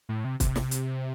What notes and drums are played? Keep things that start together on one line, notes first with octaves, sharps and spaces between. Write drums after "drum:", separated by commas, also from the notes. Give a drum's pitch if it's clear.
A2
C3
C3, drum: kick, hi-hat
drum: snare
drum: hi-hat